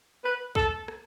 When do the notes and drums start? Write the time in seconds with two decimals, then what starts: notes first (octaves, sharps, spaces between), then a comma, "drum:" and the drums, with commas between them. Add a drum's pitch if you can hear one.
0.23 B4
0.55 A4, drum: kick
0.88 drum: rim click